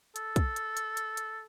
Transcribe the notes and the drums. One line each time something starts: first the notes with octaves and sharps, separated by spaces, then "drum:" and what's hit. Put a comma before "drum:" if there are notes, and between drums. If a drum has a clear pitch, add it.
A4, drum: hi-hat
drum: kick, hi-hat
drum: hi-hat
drum: hi-hat
drum: hi-hat
drum: hi-hat